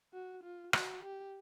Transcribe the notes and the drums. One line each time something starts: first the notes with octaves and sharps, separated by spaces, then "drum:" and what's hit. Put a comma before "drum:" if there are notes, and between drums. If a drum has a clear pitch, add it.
F#4
F4
F#4, drum: rim click
G4